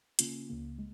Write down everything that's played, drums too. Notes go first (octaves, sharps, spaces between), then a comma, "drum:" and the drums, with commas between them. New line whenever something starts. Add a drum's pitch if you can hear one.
C#3 A#3 C#4 F4, drum: hi-hat
C#2 C#3 A#3
G#3